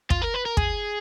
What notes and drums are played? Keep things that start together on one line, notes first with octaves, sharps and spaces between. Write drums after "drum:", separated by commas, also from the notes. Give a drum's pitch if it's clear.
F4, drum: kick
A#4
B4
A#4
G#4, drum: kick